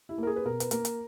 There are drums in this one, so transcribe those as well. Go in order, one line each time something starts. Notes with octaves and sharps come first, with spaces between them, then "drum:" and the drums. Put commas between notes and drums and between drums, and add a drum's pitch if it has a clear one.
E4
A#3 A#4
G#4
B4
B2 A#4
B4, drum: hi-hat
A#3 A#4, drum: hi-hat
drum: hi-hat